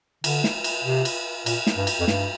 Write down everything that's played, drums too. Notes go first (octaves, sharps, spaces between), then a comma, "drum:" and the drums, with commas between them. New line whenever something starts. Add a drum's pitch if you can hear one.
D3, drum: cymbal
drum: snare
drum: cymbal
C3
drum: cymbal
A#2, drum: cymbal
drum: snare
G2
drum: cymbal
F2
G2, drum: snare